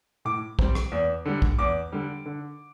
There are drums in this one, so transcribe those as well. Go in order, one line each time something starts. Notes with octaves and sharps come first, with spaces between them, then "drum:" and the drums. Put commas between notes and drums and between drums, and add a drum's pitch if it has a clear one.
A2 D6
G3 C4, drum: kick
drum: rim click
E2
D3 G3
drum: kick
E2 D6
D3 G3
D3